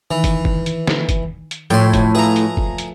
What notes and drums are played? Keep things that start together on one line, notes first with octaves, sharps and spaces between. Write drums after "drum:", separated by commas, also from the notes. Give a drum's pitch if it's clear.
D#3 E3
drum: kick, hi-hat
drum: kick
drum: hi-hat
drum: snare
drum: kick, hi-hat
drum: hi-hat
A2 F3 A3 C#5 G5 C6
drum: kick, hi-hat
F4 G#4 B4 E5 A#5
drum: hi-hat
drum: kick
drum: hi-hat